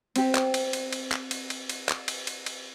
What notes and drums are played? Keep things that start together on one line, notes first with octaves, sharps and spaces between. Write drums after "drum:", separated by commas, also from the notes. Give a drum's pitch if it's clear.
C4 G4, drum: cymbal
drum: clap
drum: cymbal
drum: cymbal
drum: cymbal
drum: clap
drum: cymbal
drum: cymbal
drum: cymbal
drum: clap
drum: cymbal
drum: cymbal
drum: cymbal